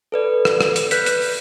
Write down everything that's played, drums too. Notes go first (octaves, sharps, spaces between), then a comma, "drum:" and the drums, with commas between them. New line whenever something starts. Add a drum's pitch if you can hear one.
A4 B4 D5
drum: rim click
drum: rim click
drum: hi-hat
B4 F#6 G6 B6, drum: hi-hat
drum: hi-hat
drum: open hi-hat